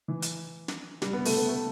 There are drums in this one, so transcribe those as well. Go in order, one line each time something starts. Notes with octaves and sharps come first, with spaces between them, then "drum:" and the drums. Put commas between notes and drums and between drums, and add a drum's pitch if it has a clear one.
E3
drum: hi-hat
drum: snare
G3, drum: snare
B3
A3, drum: open hi-hat
B3
A3